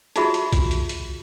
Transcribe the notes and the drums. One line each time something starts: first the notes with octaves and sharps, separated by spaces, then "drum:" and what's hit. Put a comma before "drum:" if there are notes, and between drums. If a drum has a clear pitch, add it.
D#4 F4 F#4 G#4 E5 B5, drum: hi-hat
drum: hi-hat
drum: kick B1, hi-hat
drum: hi-hat
drum: hi-hat